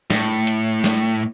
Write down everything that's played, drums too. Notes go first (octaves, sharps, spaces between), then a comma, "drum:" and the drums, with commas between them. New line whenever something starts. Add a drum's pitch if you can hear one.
A2, drum: snare
drum: hi-hat
drum: snare